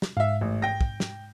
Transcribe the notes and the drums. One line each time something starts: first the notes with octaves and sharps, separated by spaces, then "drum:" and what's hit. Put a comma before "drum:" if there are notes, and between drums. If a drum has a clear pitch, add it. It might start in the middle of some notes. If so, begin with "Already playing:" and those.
drum: snare
G#2 E5 F5
A1
G5 A#6
drum: kick
drum: snare